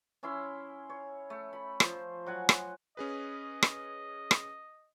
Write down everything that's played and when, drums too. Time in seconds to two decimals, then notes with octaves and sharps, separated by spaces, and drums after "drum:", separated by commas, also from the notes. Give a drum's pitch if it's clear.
0.23 C#4 E4 C6
0.90 C#5
1.30 A3
1.53 B5
1.80 F3 C5, drum: rim click
2.26 F#3 F#5 G#5
2.49 drum: rim click
2.97 C#4 G#4 B4 D#5
3.63 drum: rim click
4.31 drum: rim click